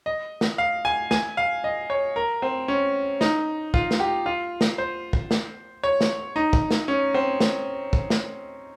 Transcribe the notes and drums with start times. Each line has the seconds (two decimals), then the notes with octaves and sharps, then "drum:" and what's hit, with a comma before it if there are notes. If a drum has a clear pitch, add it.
0.06 D#5
0.41 drum: snare
0.58 F5
0.85 G#5
1.11 G#5, drum: snare
1.37 F5
1.64 D#5
1.90 C#5
2.16 A#4
2.42 C4
2.68 C#4
3.21 D#4, drum: snare
3.74 F4, drum: kick
3.91 drum: snare
4.00 G4
4.26 F4
4.61 drum: snare
4.78 C5
5.13 drum: kick
5.31 drum: snare
5.83 C#5
6.01 drum: snare
6.36 D#4
6.53 drum: kick
6.71 drum: snare
6.88 C#4
7.14 C4
7.40 drum: snare
7.93 drum: kick
8.10 drum: snare